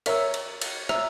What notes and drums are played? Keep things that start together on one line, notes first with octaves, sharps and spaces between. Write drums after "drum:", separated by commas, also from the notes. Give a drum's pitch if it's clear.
A#4 C#5 E5 A#5 E6, drum: cymbal
drum: cymbal
drum: cymbal
E5 A#5 E6, drum: rim click